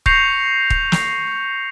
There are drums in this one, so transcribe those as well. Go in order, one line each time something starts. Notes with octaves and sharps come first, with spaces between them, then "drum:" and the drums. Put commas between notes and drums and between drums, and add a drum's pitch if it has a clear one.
C#6 G6 A#6 C7 C#7 F7, drum: kick
drum: kick
drum: snare